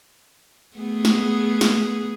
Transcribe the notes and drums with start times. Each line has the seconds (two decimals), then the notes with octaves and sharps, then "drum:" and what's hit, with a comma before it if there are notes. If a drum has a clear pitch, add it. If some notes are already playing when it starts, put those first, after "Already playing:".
0.77 A3 B3 G#4
1.05 drum: snare
1.61 drum: snare